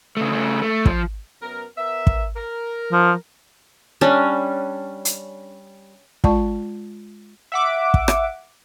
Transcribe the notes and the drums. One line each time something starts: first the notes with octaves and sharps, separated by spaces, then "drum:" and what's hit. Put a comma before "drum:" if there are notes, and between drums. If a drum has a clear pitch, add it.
C#3 A3
C#3 A3
A3
F3, drum: kick
F#2 B3 A#4
B3 A#4 E5
drum: kick
A#4
F3
G3 C#4 D4
drum: hi-hat
G#3 F4 D5 A5 C#6, drum: kick
E5 F#5 D6
drum: kick
drum: rim click